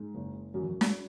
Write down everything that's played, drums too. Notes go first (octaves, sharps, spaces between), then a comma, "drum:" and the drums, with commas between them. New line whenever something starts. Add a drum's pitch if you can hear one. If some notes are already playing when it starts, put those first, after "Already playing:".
Already playing: G#2 G#3
F#1
F#2 F#3
E2
F#2
drum: snare